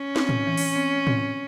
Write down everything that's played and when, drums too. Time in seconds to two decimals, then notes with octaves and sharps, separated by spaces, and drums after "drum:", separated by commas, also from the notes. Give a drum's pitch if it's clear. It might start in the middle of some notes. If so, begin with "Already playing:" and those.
Already playing: C#4
0.16 C4, drum: snare
0.29 drum: tom A2
0.47 E3
0.57 drum: open hi-hat
0.76 C4
1.07 C4, drum: tom A2